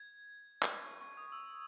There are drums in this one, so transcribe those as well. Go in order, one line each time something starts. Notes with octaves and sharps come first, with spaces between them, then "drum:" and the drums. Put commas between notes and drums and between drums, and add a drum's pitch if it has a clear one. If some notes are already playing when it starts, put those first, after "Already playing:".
Already playing: G#6
drum: clap
C#6
C#6
D#6
E6